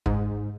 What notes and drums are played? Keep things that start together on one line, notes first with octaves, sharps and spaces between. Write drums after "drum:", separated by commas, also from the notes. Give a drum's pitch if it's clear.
G#2, drum: kick